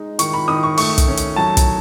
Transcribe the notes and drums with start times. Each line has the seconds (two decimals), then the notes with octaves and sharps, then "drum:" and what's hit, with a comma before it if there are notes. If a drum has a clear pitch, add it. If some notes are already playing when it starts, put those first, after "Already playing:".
Already playing: G#3 D#4
0.19 D#3 C#6, drum: hi-hat
0.33 B5
0.48 D#3 D#6
0.63 C#6
0.77 A3 C#6, drum: open hi-hat
0.98 drum: kick, hi-hat
1.08 C#4
1.17 drum: hi-hat
1.36 F#3 A5
1.57 drum: kick, hi-hat